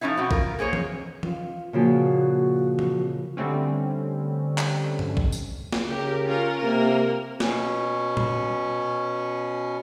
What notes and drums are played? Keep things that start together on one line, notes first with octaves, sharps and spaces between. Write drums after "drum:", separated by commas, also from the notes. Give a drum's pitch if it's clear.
F3 A3 C#4 D#4 E4
B2 C4 F#4
F4 A#4, drum: kick A#1
A#3 G#4 C5 C#5
drum: tom E3
F4, drum: tom E3
A#2 C#3 F3 F#4
drum: tom E3
D3 G3 A3 C4 C#4
drum: clap
drum: tom G2
drum: kick A#1
drum: tambourine
drum: snare
C#3 G4 A#4
C#4 F4 A#4
C3 A#3 A#4
B2 C#4, drum: snare
drum: tom A#2